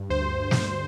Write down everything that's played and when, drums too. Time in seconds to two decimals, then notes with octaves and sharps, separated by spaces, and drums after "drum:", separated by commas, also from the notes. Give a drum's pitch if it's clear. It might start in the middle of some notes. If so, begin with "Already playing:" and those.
Already playing: G2
0.10 D2 C5
0.41 D2
0.51 drum: snare